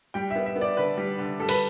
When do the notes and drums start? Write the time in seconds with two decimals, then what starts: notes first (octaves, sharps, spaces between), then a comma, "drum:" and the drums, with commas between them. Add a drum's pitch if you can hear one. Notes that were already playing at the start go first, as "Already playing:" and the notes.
0.14 G3 G5
0.30 B3 E5
0.46 E5
0.56 B3
0.61 D5
0.77 D3 B4
0.98 G3
1.18 D3
1.40 G3 A4
1.49 B4, drum: cymbal